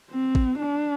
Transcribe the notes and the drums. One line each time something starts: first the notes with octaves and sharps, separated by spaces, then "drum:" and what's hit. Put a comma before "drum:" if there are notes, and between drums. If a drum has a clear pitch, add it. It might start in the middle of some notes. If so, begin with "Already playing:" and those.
C4
drum: kick G#1
D4